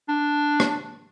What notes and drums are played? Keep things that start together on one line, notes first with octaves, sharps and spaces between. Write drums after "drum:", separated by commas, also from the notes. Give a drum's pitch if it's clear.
D4
drum: rim click